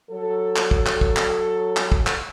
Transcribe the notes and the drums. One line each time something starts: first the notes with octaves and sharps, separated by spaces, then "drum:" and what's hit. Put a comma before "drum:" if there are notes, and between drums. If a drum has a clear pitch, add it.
F#3 A4
drum: clap
drum: kick
drum: clap
drum: kick
drum: clap
drum: clap
drum: kick
drum: clap